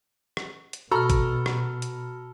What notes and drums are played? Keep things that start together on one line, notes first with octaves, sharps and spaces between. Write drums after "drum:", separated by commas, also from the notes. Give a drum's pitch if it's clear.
drum: rim click
drum: hi-hat
B2 F#4 A4 A#5 B5 E6 F6
drum: kick A1, hi-hat
drum: rim click
drum: hi-hat